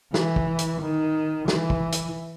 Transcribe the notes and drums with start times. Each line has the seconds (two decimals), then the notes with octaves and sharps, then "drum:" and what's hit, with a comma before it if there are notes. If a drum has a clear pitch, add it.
0.14 E3, drum: snare
0.36 drum: kick
0.59 drum: hi-hat
0.81 D#3
1.48 E3, drum: snare
1.70 drum: kick
1.92 drum: hi-hat